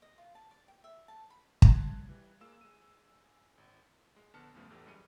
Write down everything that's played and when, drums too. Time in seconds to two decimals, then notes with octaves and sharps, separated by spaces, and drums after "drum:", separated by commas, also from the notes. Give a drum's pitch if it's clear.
0.02 D#5
0.18 F4
0.35 A5
0.51 D5
0.68 G5
0.84 E5
1.08 A5
1.30 B5
1.62 A5 C6 F#6 G#6 A6, drum: kick
2.09 E3 G3
2.41 G#3 A#3 F4 E6 E7
2.61 G#3 D#7
3.58 G#1
4.16 G#3
4.34 A#1 D3 B3 A5 F6 C#7
4.55 E2 G2 C#3 F3 A3 B3
4.70 A1 E2 E3 G4 A4
4.86 F#2 E3 G3 G#3 C#7 D#7